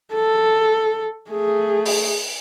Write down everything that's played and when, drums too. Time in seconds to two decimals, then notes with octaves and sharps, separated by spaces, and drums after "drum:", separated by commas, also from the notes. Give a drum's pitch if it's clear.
0.13 A4
1.31 A3 G#4
1.85 drum: open hi-hat